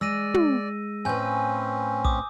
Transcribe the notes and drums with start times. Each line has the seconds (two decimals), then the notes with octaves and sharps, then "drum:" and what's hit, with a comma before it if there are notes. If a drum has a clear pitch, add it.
0.01 G#3 D5 E6 A#6 D#7
0.34 drum: tom
1.05 A2 C4 C#4 B4 G#5 G6
2.05 D6 D#6, drum: kick